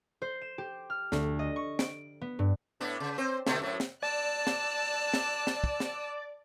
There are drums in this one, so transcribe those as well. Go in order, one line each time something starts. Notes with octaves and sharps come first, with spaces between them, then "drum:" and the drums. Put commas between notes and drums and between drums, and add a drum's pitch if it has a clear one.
C5
E7
G4
F6
D2, drum: snare
D#5
C#6
D7, drum: snare
B3
G2
A2 B3 D4
C#3
C4 C5
B2 D3 A3, drum: snare
F#2 A2 F#3
drum: snare
D5 A5 E6 F#6
drum: snare
drum: snare
drum: snare
drum: kick
drum: snare